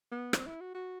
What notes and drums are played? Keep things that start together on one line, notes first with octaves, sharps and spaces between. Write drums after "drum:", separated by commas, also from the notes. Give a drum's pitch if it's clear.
B3
C4, drum: rim click
E4
F#4
F#4